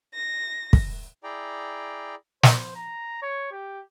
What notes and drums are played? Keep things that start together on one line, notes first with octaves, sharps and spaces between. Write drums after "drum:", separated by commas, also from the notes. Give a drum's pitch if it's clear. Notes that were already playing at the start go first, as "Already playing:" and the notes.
A#6
drum: kick
E4 G#4 D5 G5 A#5
C5, drum: snare
A#5
C#5
G4